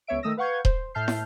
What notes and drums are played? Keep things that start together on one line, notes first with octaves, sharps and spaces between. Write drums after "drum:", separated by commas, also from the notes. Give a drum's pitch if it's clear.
C#2 B3 C#5 E5 D7
D#3 A3 D#6 E6 A#6
B4 F5 F#5 C#6 G6 G#6
C5, drum: kick D#1
A2 E5 A5 F6 G6 C7
drum: snare